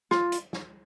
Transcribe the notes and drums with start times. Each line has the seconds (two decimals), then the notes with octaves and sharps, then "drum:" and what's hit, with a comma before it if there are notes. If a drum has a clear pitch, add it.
0.11 F4, drum: snare
0.32 drum: hi-hat
0.53 drum: snare